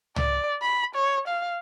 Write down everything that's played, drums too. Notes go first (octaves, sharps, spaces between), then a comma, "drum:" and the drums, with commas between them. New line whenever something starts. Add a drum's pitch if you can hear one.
D5, drum: tom
B5
C#5
F5